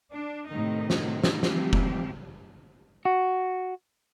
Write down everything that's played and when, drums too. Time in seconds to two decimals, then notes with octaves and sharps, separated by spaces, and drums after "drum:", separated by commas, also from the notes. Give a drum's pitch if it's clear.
0.13 D4
0.49 A2 C3 D#3 D#4
0.90 drum: snare
0.99 A2 C3 D#3
1.24 drum: snare
1.43 E3 F3 G3 G#3 C4 G4, drum: snare
1.73 drum: kick F1
3.05 F#4